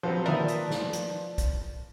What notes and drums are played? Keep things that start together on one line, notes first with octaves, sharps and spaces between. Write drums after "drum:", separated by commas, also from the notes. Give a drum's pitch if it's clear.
F3 F#3 B3 C4
A#2 D#3 A#4 B4 D5 E5 D#6
drum: hi-hat
drum: snare
drum: hi-hat
drum: kick, hi-hat